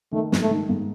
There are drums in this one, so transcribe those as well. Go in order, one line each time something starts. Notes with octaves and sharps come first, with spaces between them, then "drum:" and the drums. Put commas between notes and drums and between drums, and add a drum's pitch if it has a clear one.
D#3 A3
G#2, drum: snare
A3
D#3
G#2